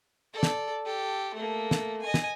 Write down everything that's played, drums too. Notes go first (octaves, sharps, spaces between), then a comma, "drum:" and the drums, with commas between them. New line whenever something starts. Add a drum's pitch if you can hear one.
A4 D5
drum: snare
G4 A4
A3 A#3
drum: snare
D#5 G#5
drum: snare